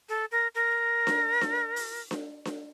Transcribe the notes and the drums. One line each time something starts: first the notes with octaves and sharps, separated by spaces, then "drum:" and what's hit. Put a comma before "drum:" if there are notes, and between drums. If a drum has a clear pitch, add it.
A4
A#4
A#4
drum: snare D4
drum: snare D4
drum: open hi-hat
drum: snare D4
drum: snare D4